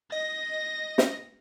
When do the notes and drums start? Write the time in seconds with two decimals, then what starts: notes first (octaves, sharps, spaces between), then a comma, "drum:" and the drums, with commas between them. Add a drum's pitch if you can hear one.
0.12 D#5 A#6
0.98 drum: snare